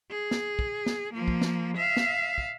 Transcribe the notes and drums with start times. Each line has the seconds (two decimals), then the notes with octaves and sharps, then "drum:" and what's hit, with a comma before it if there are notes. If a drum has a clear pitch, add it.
0.11 G#4
0.31 drum: snare
0.59 drum: kick
0.86 drum: snare
1.14 F3 A#3
1.28 drum: kick
1.41 drum: snare
1.77 E5 F5
1.96 drum: snare
2.38 drum: kick